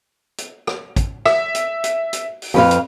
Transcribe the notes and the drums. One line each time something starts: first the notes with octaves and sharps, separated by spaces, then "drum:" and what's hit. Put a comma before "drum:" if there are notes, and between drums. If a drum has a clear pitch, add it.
drum: hi-hat
drum: rim click
drum: kick, hi-hat
E5, drum: rim click
drum: hi-hat
drum: hi-hat
drum: hi-hat
drum: open hi-hat
F2 B4 F5
drum: hi-hat